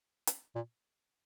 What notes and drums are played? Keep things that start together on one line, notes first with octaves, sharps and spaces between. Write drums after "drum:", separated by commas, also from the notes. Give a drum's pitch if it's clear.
drum: hi-hat
A#2